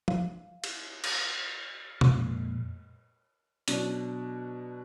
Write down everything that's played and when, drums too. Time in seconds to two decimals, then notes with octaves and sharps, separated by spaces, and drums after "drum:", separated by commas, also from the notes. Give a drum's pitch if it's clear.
0.08 F5, drum: tom
0.64 drum: cymbal
1.04 drum: cymbal
2.01 F2 A#2 G#3, drum: tom
3.68 B2 F#3 D4, drum: hi-hat